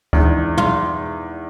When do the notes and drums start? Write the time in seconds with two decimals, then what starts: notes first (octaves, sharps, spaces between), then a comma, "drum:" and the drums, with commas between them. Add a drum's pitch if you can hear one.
0.13 E2 G#2 D4, drum: kick D2
0.57 F4, drum: tom